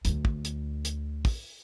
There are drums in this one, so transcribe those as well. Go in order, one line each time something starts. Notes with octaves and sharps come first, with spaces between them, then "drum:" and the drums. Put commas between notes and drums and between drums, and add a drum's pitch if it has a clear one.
D2 D3, drum: hi-hat
drum: kick
drum: hi-hat
drum: hi-hat
drum: kick, open hi-hat